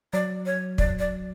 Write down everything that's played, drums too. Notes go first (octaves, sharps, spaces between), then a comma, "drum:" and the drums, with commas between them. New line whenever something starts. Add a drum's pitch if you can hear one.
F#3 D5
C#5
D5, drum: kick
D5